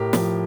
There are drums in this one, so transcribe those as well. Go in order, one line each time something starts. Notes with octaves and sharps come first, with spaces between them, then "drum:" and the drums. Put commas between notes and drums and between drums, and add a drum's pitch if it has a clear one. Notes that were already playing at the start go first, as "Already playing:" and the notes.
Already playing: A2 G4 A#4
F3, drum: snare